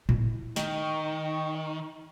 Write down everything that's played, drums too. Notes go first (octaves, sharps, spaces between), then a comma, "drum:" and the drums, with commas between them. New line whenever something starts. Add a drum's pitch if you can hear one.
E4, drum: tom A2
D#3 D#5 G5 C#6, drum: snare